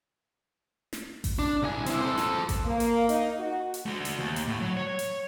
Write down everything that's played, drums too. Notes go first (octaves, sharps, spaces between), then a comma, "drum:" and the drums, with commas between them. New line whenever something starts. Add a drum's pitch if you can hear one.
drum: snare
drum: kick A1, open hi-hat
D4
C2 G#5
C4 E4, drum: hi-hat
A4 C5
drum: snare
drum: kick A1, hi-hat
A#3
drum: hi-hat
D#4, drum: hi-hat
F#4
drum: hi-hat
A3 F#4
drum: hi-hat
D#2
drum: hi-hat
A2
F#3
C#5
drum: hi-hat